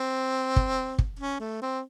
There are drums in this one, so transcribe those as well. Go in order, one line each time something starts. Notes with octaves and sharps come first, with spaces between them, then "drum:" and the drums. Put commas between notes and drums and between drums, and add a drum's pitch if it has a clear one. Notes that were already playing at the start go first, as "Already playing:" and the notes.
Already playing: C4
drum: kick
drum: kick
C#4
A3
C4